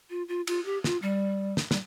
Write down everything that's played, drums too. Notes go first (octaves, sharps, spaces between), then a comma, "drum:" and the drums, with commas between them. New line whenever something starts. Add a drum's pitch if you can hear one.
F4
F4
F4, drum: cymbal
G4
F4, drum: snare
G3
drum: snare
G3, drum: snare